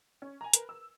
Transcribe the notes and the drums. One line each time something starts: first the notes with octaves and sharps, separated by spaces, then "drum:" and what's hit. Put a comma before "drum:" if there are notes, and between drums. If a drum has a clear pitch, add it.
C#4
G#5 A#5
A#4 B4, drum: hi-hat
E6